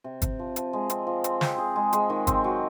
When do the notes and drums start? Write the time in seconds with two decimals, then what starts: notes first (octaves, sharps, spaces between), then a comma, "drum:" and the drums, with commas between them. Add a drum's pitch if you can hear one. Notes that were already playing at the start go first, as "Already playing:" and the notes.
0.04 C3
0.22 C3, drum: kick, hi-hat
0.39 F3
0.56 F3, drum: hi-hat
0.73 G#3
0.90 C4, drum: hi-hat
1.07 F3
1.24 C4, drum: hi-hat
1.41 C4, drum: snare
1.58 G#4
1.76 G#3
1.93 G#3, drum: hi-hat
2.10 D#3
2.27 C4, drum: kick, hi-hat
2.44 F#3